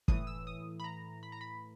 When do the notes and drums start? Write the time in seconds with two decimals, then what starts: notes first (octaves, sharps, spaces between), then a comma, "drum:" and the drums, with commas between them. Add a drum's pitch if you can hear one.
0.08 A2 E3 D#6, drum: kick
0.27 E6
0.47 D#6
0.80 B5
0.84 A#5
1.23 B5
1.32 A#5
1.41 B5